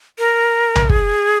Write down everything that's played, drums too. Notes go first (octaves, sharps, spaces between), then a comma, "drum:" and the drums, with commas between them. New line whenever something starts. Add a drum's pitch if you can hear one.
A#4
drum: tom B1
G#4, drum: kick